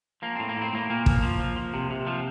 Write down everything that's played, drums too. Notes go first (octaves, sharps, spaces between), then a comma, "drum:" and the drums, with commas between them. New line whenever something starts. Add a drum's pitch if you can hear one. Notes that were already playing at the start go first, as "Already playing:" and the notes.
F3 A#3
A2 C4
A#3
A2 C4
A2 A#3
A#2 A#3
F3, drum: kick
F3
F3
F3
C3
C3
F3